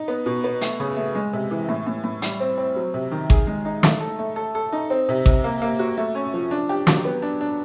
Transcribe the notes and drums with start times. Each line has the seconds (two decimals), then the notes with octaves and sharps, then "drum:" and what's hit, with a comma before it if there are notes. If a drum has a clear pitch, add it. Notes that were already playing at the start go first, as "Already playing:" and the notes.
Already playing: D#4
0.08 B3
0.26 B2
0.44 B3
0.61 A3, drum: hi-hat
0.80 C#3
0.97 A3
1.15 G#3
1.33 C3
1.51 E3
1.69 A2
1.87 A2
2.04 A2
2.22 G3, drum: hi-hat
2.40 C4
2.58 C4
2.76 F#3
2.94 C3
3.12 D#3
3.30 G#4, drum: kick G#1
3.47 G#3
3.65 D#4
3.83 A3, drum: snare
4.01 A4
4.19 A3
4.36 A4
4.55 A4
4.72 D#4
4.90 C4
5.09 C3
5.26 C3, drum: kick G#1
5.44 A#3
5.62 A#3
5.79 F#4
5.98 A3
6.15 C#4
6.34 F3
6.51 D4
6.69 G4
6.87 F#3, drum: snare
7.05 B3
7.22 D4
7.41 D4